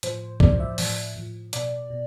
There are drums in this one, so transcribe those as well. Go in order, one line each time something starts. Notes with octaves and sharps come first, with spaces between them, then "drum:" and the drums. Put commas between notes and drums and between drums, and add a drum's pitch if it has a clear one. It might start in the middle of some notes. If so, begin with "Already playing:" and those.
A2 F3 C5, drum: hi-hat
A2 F3 D5, drum: kick
E5
A2 F3, drum: open hi-hat
A2 F3
B2 D5, drum: hi-hat
B2